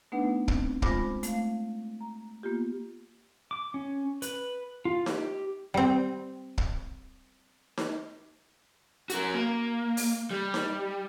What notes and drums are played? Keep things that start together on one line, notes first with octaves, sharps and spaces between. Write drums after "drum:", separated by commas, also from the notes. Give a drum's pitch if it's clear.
A3 B3 D4 D#4 B4 F#5
C4, drum: kick
G#3 F4 C5 B5 D6 A#6, drum: kick
A3 F5, drum: hi-hat
A#5
A#3 B3 F4 G4
D6
C#4
B4, drum: hi-hat
F4
G4, drum: snare D#4
G3 C4
drum: kick
drum: snare D#4
F#4 A#4, drum: hi-hat
A#3
drum: open hi-hat
G3
drum: snare D#4